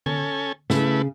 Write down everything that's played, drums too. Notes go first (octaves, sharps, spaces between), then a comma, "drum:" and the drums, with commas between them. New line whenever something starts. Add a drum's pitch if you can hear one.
C#4 A4 G#5, drum: tom D3
C#3 A3 E4 B4, drum: snare